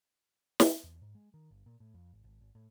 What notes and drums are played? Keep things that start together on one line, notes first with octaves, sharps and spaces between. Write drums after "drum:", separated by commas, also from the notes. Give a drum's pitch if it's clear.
drum: snare
E2
G#2
G#3
D#3
G1
A#2
A2
F2
G#1
G#1
G#1
A2